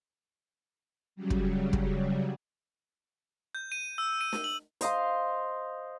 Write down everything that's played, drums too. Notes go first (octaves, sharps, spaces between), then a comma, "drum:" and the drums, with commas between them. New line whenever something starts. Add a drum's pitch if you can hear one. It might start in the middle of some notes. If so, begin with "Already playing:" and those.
C#3 F#3 G3
drum: kick
drum: kick
G6
D#7
E6
D#7
drum: snare
F#7
C5 D#5 F5 C6, drum: hi-hat